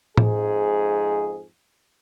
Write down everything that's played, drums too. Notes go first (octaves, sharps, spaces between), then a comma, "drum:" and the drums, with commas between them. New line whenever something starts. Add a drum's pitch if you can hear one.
F2 G#2 G#4, drum: tom A2